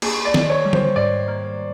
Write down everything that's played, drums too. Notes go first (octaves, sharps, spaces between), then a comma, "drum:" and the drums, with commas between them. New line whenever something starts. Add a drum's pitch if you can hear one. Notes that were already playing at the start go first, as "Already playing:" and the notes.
A#3 G#4, drum: cymbal
D5
D#3, drum: snare
C#5
G3
C5, drum: tom D3
G#2 D5
A#3